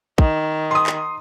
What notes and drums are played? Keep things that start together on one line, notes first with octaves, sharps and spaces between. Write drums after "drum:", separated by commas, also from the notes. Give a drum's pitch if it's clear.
D#3, drum: kick
C6 D#6
drum: clap